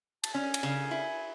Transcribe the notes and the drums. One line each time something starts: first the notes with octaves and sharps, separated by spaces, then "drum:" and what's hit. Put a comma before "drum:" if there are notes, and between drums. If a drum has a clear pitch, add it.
A5, drum: cymbal
C#4 G#5
drum: cymbal
C#3
E4